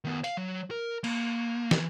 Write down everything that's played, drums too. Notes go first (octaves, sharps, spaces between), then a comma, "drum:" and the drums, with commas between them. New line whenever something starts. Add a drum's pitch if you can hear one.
D#3 B3
F5, drum: hi-hat
F#3
A#4
A#3, drum: cymbal
E3, drum: snare